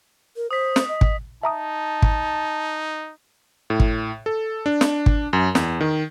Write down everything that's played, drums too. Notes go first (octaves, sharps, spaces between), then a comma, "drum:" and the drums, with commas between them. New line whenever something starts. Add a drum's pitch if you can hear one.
A#4
C5 D#6 B6
drum: snare
D#5
drum: kick
D#4 E5 A5 A#5 D#6
drum: kick
A2
drum: kick
A4
D4
drum: snare
drum: kick
F#2
E2, drum: snare
D#3